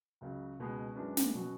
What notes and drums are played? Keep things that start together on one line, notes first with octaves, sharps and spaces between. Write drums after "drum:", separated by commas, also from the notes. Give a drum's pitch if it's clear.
C#2 C#3 F#3
C#2 B2 G#3
F#2 E3 G#3 D4
drum: snare
B2 F#3 C#4 F#4